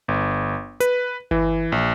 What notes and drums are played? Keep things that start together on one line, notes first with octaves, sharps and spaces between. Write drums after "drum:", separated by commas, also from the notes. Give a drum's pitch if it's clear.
G1
B4, drum: hi-hat
E3, drum: kick G1
A#1